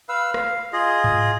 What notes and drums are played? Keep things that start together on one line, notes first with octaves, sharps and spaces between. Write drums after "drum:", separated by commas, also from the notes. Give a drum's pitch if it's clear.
B4 F5 E6
F5, drum: rim click
F4 G#4 D#5
drum: tom G#2